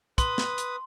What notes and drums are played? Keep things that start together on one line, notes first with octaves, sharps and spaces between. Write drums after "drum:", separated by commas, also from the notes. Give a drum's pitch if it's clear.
B4 C6 D#6, drum: kick, hi-hat
drum: snare
drum: hi-hat